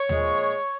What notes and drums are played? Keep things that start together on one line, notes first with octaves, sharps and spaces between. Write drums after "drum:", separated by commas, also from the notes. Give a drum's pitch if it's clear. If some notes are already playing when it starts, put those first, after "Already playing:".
Already playing: C#5
A#2 F3 G#3, drum: tom D#2